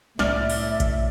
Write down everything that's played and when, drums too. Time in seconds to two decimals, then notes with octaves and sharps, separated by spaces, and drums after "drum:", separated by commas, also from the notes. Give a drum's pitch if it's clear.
0.19 C2 A2 D5 E5 F6, drum: snare
0.50 drum: open hi-hat
0.80 drum: kick A#1, hi-hat